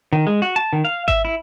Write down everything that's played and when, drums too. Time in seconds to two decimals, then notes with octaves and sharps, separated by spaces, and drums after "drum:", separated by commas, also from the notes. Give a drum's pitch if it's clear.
0.13 D#3
0.27 G#3
0.42 F#4
0.56 A5
0.73 D#3
0.85 F5
1.08 E5, drum: kick G#1
1.25 E4